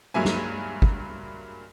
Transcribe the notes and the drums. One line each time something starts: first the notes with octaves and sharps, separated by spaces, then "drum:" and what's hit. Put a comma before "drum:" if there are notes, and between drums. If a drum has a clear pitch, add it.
G2 F#3 G#3 A#3 E5 G#5
drum: snare
drum: kick